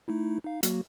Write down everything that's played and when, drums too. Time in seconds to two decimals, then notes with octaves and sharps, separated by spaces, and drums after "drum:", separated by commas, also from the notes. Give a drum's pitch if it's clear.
0.08 A3 D#4 E4
0.44 D#4 F5
0.63 F#3 A#3 F#4, drum: hi-hat